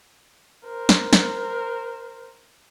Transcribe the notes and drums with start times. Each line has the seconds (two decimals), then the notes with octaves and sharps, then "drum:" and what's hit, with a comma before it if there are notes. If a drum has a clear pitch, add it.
0.65 A#4 C5
0.89 drum: snare
1.13 drum: snare